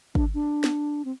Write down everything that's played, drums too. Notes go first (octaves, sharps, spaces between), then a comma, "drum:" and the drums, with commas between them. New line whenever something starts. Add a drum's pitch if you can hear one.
D4, drum: kick
D4
drum: snare
C4